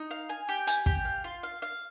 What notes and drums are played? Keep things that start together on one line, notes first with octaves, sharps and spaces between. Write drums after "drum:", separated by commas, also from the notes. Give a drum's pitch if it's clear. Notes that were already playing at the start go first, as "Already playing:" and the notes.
Already playing: D#4
F5
G#5
G4
G#5, drum: hi-hat
G4, drum: kick
F5
F4
F5
F5